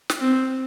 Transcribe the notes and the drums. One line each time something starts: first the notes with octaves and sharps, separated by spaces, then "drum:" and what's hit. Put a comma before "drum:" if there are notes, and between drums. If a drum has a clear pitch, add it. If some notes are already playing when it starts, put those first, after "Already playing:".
drum: snare
C4